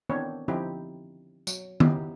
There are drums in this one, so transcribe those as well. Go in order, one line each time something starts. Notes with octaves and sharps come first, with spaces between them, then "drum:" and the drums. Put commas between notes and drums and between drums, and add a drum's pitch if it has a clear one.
D#3 E3 B3 C4 D4 C#5
D3 F3 C4 D#4 E4 G4
F#3, drum: tambourine
B3 C#4 D#4 E4 G4, drum: tom D#3